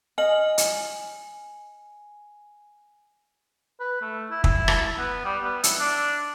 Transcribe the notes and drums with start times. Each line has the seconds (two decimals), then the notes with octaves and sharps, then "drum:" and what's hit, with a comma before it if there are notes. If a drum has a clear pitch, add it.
0.18 D#5 G#5 F6 F#7
0.58 G#5, drum: hi-hat
3.80 B4
4.02 A3
4.31 E4
4.44 E4, drum: kick
4.68 drum: rim click
4.98 B3
5.25 G3
5.44 B3
5.64 E5, drum: hi-hat
5.79 D4